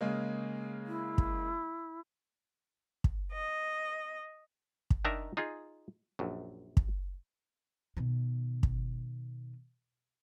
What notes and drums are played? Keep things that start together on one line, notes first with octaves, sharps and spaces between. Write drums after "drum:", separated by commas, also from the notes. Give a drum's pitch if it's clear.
C#3 G#3 A#3
E4
drum: kick
drum: kick
D#5
drum: kick
D#3 D4 D#4 A#4 E5 A#5
D#4 F4 G#4
A#1 F#2
drum: kick
B2 D#3
drum: kick